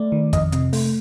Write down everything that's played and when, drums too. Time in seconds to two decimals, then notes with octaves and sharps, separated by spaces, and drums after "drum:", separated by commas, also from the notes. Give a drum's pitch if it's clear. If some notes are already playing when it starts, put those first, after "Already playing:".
Already playing: A3 D5
0.12 D#3
0.33 F2 D#5, drum: kick, hi-hat
0.52 C3, drum: hi-hat
0.73 A3, drum: open hi-hat